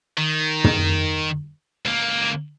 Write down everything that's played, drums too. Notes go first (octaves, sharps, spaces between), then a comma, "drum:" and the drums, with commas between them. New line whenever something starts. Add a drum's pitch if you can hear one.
D#3
drum: tom
C#2 A#3